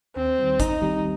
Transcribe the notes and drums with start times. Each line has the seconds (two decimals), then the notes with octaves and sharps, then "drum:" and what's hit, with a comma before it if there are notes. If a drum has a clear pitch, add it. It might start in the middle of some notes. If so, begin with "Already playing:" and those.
0.16 D#2 C4
0.39 D#3 G3
0.60 D#2 D#4, drum: kick, hi-hat
0.82 D#3 G3 C4 G4